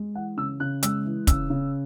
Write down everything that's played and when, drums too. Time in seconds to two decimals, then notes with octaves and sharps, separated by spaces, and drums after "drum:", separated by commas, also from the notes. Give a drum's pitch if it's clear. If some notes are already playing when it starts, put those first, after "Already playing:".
Already playing: G#3
0.15 E3 F#5
0.37 C#3 E6
0.60 C#3 F#6
0.83 G#3 E6, drum: hi-hat
1.05 E3
1.27 C#3 E6, drum: kick, hi-hat
1.50 C#3